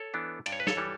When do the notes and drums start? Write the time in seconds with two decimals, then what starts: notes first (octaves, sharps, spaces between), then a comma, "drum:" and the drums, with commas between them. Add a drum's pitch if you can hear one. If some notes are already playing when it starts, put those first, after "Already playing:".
Already playing: A4 C#5
0.14 E3 B3 D4
0.46 G2 D5, drum: cymbal
0.52 C#5
0.60 B4
0.67 A4 C#5, drum: snare
0.77 E3 G3